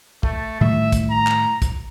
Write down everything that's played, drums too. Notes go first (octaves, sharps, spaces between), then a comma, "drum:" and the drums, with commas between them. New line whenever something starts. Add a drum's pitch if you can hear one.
A3, drum: kick
A2 D#3 G3 E5
drum: kick, hi-hat
A#5
drum: clap
drum: kick, hi-hat